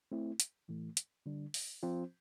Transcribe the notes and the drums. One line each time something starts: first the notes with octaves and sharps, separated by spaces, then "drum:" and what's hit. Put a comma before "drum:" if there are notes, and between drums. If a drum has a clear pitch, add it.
A3 C4 E4
drum: hi-hat
A2 E3 A3
drum: hi-hat
D3 G3 D4
drum: open hi-hat
F3 C4 F4 C5